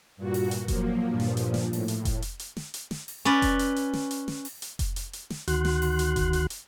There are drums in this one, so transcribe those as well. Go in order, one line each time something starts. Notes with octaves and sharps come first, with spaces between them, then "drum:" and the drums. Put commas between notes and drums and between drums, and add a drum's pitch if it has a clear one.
G2 A#2 F#4
drum: open hi-hat
drum: hi-hat
F3 F#3 A#3, drum: kick F1, hi-hat
G2 A#2 F3
drum: snare
drum: hi-hat
drum: snare
A2, drum: open hi-hat
drum: hi-hat
drum: kick F1, hi-hat
drum: hi-hat
drum: hi-hat
drum: snare
drum: hi-hat
drum: snare
drum: open hi-hat
C#4 B4 D5
drum: kick F1, hi-hat
drum: hi-hat
drum: hi-hat
drum: snare
drum: hi-hat
drum: snare
drum: open hi-hat
drum: hi-hat
drum: kick F1, hi-hat
drum: hi-hat
drum: hi-hat
drum: snare
D2 D#3 F#4 C6 F#6, drum: hi-hat
drum: snare
drum: open hi-hat
drum: hi-hat
drum: kick F1, hi-hat
drum: hi-hat
drum: hi-hat